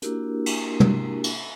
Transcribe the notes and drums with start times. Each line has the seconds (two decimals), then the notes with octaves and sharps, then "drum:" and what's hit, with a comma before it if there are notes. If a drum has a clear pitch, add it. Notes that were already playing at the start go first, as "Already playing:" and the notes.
0.02 A#3 D4 E4 F#4 G4 A#4, drum: hi-hat
0.46 drum: cymbal
0.80 drum: tom
1.24 drum: cymbal